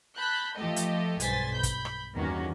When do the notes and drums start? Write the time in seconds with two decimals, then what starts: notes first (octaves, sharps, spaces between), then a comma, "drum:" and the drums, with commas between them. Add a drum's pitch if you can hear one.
0.17 A5 B5 F#6 G6
0.56 F3 A3 G4 A4 D#5
0.76 drum: hi-hat
1.20 B1 G2 C5 G#5 A6 B6, drum: hi-hat
1.54 B5 G6
1.63 drum: kick, hi-hat
1.85 drum: rim click
2.14 E2 G2 D#3 A#3 C#4 F#4